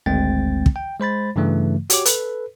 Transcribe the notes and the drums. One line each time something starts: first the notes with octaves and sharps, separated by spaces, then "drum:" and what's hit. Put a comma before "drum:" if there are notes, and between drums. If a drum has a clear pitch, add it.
G#1 D2 G#3 C4 G5 A6
drum: kick
G5
G#3 C5 B5 A6
G2 C#3 E3 A3
F#4 G4 C#5 D6, drum: hi-hat
A4 B4, drum: hi-hat